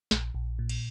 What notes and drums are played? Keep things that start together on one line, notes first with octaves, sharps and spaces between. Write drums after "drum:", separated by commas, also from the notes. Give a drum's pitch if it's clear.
A#1, drum: snare
A#1
A#2
drum: cymbal